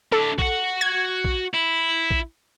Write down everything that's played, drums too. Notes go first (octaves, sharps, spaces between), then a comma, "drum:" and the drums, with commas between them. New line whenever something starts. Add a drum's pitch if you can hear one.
D4 E4 A4
F#4 F#5, drum: kick A#1
G#6
drum: kick A#1
E4
drum: kick A#1